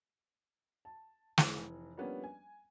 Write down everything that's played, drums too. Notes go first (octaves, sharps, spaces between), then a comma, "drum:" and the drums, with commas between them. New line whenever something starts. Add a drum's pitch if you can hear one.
A5
F1 E3, drum: snare
F3 G3 A#3 B3 C#4 D4
G#5